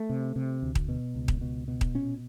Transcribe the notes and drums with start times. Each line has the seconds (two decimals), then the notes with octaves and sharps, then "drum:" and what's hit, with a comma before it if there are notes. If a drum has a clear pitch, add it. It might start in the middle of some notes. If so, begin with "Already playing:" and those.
Already playing: A3
0.10 C3
0.36 C3
0.62 D2
0.75 drum: kick D#1
0.89 B2
1.15 C#2
1.28 drum: kick D#1
1.41 B2
1.68 B2
1.81 drum: kick D#1
1.94 A#2 C#4